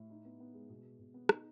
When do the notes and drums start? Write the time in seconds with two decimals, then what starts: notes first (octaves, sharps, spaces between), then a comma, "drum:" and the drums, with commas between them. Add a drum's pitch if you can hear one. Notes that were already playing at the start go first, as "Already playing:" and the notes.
Already playing: A2
0.10 D#4
0.25 B3
0.40 B3
0.54 G#3
0.70 B2
0.85 G#3
0.99 B2
1.14 B3
1.29 D#4, drum: rim click